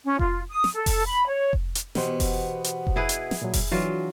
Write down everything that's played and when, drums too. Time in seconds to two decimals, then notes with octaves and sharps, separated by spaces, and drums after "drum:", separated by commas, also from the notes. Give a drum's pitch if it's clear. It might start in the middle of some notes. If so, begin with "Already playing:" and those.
0.05 C#4
0.19 F4, drum: kick F1
0.50 D#6
0.64 drum: snare
0.74 A4
0.86 drum: kick F1, open hi-hat
1.05 B5
1.27 C#5
1.53 drum: kick F1
1.75 drum: hi-hat
1.95 B2 E3 B3 G4 C5, drum: snare
2.20 drum: kick F1, open hi-hat
2.64 drum: hi-hat
2.87 drum: kick F1
2.96 E4 G#4 B4
3.09 drum: hi-hat
3.31 drum: snare
3.42 A#2 F#3
3.53 drum: kick F1, open hi-hat
3.72 E3 F#3 D4 F4 F5